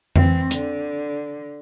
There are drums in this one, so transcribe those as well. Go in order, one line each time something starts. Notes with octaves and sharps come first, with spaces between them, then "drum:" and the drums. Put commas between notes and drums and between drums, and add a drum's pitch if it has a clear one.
E3 C4, drum: tom F2
D3, drum: hi-hat